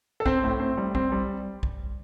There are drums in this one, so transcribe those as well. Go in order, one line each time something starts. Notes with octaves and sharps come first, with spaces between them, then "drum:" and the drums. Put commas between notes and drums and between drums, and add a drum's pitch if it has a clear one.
A4
C4 C5, drum: kick B1
A2
C4
G3
C4, drum: kick B1
G3
drum: kick B1